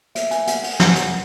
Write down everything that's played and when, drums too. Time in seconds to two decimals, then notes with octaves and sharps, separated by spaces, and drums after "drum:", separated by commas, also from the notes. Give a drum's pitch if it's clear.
0.15 E5, drum: hi-hat
0.31 G#5, drum: hi-hat
0.47 F#5, drum: hi-hat
0.64 F#5, drum: open hi-hat
0.80 drum: snare
0.96 drum: hi-hat